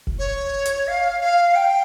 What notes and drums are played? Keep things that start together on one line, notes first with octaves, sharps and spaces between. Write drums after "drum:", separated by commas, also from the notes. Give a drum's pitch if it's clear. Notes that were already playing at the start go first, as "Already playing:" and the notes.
drum: kick
C#5
drum: hi-hat
F5
F5
G5